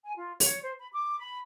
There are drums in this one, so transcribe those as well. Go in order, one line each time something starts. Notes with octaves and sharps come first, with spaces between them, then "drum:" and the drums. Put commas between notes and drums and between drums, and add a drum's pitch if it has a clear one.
G#5
F4
C#5, drum: open hi-hat
C5
B5
D6
B5